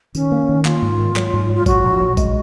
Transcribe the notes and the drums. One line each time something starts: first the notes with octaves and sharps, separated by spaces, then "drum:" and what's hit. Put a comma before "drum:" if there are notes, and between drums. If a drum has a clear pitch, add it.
D#3 C#4, drum: tambourine
A#3
D#3
A#3 F4, drum: clap
G#2
D#3
F#3, drum: clap
G#2
F#3
F4
F#3 F#4, drum: kick A1, tambourine
A#1
F#3
G#3, drum: kick A1, tambourine